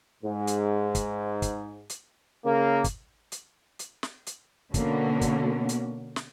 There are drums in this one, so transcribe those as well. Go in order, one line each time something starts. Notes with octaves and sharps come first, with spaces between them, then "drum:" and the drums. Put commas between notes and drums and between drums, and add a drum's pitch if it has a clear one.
G#2
drum: hi-hat
drum: kick, hi-hat
drum: kick, hi-hat
drum: hi-hat
C#3 A#3
drum: kick, hi-hat
drum: hi-hat
drum: hi-hat
drum: snare
drum: hi-hat
B2 D3 A#3 B3 C#4 F#4, drum: kick, hi-hat
drum: kick, hi-hat
drum: hi-hat
drum: snare